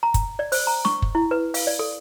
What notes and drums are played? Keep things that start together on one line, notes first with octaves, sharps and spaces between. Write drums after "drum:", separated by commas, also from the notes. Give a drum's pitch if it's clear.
A#5
drum: kick, hi-hat
D5
C5, drum: open hi-hat
A#5
C#6, drum: snare
drum: kick
E4
B4
F5, drum: open hi-hat
D5
A4